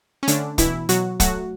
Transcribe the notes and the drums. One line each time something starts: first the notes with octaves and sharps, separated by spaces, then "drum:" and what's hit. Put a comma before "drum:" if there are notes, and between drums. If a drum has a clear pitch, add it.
C#4
D3 A3 D4, drum: hi-hat
B2 E3 E4, drum: kick, hi-hat
B2 F#3 F#4, drum: hi-hat
F#3 A3 F#4, drum: kick, hi-hat